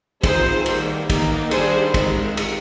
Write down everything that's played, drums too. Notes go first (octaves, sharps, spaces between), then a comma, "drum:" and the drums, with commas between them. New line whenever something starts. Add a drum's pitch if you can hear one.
F3 C4 D#4 G#4 C5, drum: kick, cymbal
D#3 G3 A#3, drum: cymbal
D#3 A#3 D#4, drum: kick, cymbal
D#3 G3 D4 G#4 C5, drum: cymbal
D#3 G#3 C4 D#4, drum: kick, cymbal
drum: cymbal